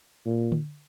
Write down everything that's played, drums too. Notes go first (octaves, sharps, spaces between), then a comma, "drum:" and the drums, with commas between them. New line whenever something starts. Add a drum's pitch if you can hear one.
A#2
drum: tom D3